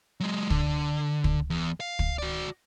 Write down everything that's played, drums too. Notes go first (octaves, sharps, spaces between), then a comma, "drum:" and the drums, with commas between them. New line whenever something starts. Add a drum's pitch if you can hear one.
F#3 G#3
D3, drum: kick
drum: kick
E2
F5
drum: kick
F#4 D5